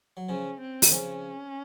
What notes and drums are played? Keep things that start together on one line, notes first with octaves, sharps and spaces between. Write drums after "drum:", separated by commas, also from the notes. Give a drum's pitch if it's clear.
F#3
C#3 F3 C#4
C4
D#3, drum: open hi-hat
C#3 F3 C#4